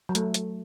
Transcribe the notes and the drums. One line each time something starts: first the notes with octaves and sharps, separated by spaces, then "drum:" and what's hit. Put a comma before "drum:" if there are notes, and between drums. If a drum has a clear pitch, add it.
F#3
A3, drum: hi-hat
drum: hi-hat